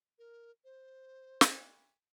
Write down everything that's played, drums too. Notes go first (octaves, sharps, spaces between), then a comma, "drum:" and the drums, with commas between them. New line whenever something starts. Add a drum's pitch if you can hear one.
A#4
C5
drum: snare